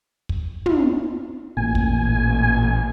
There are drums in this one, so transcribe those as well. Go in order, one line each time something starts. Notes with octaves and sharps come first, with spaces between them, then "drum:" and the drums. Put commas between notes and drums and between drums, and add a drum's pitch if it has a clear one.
drum: kick
drum: tom
A1 A#2 G#5
drum: kick